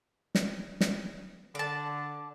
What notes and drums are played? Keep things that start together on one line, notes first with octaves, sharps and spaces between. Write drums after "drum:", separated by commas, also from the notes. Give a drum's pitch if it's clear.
drum: snare
drum: snare
D3 D5 A5